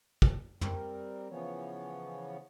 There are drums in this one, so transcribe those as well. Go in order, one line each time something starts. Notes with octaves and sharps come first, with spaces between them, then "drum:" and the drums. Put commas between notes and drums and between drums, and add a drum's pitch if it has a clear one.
drum: kick
G3 C4 A#4, drum: tom
C#3 E3 F3 B3 C#5